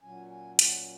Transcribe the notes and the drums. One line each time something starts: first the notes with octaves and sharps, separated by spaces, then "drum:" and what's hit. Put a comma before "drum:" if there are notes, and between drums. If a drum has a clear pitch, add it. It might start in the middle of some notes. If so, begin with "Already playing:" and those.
A#2 F#3 C#4 G#5
G#5
F#5, drum: hi-hat